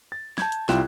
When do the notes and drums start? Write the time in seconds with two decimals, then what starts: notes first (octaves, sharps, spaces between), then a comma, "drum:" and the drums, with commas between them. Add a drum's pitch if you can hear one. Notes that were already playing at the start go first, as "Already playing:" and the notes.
0.12 A6
0.38 A5 G6 G#6, drum: snare
0.52 drum: hi-hat
0.69 C2 E4 F4 G5 F#6 E7, drum: snare